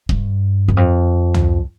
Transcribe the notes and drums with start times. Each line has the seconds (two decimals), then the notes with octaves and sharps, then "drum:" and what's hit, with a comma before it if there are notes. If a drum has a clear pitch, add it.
0.09 G2, drum: kick D#1
0.68 E2
0.77 F2
1.34 drum: tom